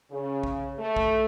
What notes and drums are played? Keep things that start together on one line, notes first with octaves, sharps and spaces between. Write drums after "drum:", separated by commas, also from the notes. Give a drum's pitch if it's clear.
C#3
drum: kick
A3
drum: kick